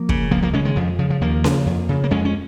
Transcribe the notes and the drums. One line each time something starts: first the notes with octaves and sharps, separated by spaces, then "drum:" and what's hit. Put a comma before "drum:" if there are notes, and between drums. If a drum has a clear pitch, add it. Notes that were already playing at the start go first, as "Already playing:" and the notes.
Already playing: F3 A#3
C#3, drum: kick
C#2 F3 A#3
F3 A#3
C#3 G#3 C#4
D#3 G#3
F2 F3
C#3 F3
F3
D#2 F3 A#3
C#3, drum: snare C#4
F2
C#3
A#3
F2 G#3 C#4
C#4